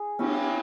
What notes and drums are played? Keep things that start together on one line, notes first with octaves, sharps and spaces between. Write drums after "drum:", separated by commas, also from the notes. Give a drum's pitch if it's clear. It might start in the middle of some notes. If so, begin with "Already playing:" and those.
Already playing: G#4
C#4 E4 G4, drum: cymbal